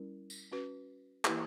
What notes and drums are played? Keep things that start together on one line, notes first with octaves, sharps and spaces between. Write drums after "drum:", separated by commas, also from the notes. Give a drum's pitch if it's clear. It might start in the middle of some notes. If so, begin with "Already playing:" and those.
Already playing: G3 C#4 E4 A#4
drum: tambourine
C#4 F#4 B4
E3 A#3 E4 G4 B4, drum: clap